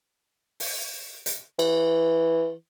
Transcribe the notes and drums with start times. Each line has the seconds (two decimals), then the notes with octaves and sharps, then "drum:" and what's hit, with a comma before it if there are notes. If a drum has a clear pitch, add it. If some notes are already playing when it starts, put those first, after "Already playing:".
0.60 drum: open hi-hat
1.26 drum: hi-hat
1.59 E3, drum: cymbal